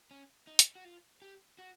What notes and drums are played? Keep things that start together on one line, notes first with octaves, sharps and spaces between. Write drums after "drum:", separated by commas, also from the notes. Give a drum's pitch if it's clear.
C#4
D#4
drum: hi-hat
F#4
F4
G4
F#4